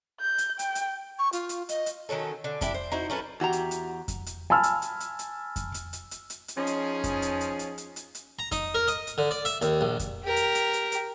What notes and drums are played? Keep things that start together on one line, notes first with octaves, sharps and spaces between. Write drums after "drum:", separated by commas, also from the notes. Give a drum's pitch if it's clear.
G6
drum: hi-hat
G5, drum: hi-hat
drum: hi-hat
C#6
F4, drum: hi-hat
drum: hi-hat
D#5, drum: hi-hat
drum: hi-hat
D#3 F#3 C#4 A4
D3
D4 E4 G4, drum: kick F2, hi-hat
C5
D#4 E4 F#4 C5
F#3 C#4 A4 B4
E2 F#4 G4 A#5
drum: hi-hat
drum: hi-hat
drum: kick F2, hi-hat
drum: hi-hat
G#5 A5 B5 E6 F6
drum: hi-hat
drum: hi-hat
drum: hi-hat
drum: hi-hat
drum: kick F2, hi-hat
drum: hi-hat
drum: hi-hat
drum: hi-hat
drum: hi-hat
drum: hi-hat
F3 C#4 D#4 G#4
drum: hi-hat
drum: kick F2, hi-hat
drum: hi-hat
drum: hi-hat
drum: hi-hat
drum: hi-hat
drum: hi-hat
drum: hi-hat
A#5
D#4, drum: kick F2, hi-hat
A#4
D#5, drum: hi-hat
drum: hi-hat
D3
D5
E5, drum: hi-hat
D#2, drum: hi-hat
A#1
drum: kick F2, hi-hat
G4 A#4
drum: hi-hat
drum: hi-hat
drum: hi-hat
drum: hi-hat